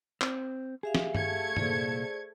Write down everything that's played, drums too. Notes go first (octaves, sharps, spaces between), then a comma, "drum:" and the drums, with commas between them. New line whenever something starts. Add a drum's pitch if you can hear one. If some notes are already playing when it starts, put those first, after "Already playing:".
C4, drum: clap
G4 G#4 E5 F5
drum: snare
A3 G#6 C#7, drum: tom G2
C2 A#2 G#4 C5 D5, drum: tom G2